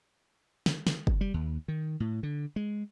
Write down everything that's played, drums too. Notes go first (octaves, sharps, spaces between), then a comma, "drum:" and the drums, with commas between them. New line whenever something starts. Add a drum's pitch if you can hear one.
drum: snare
drum: snare
drum: kick
G3
D#2
D#3
A2
D3
G#3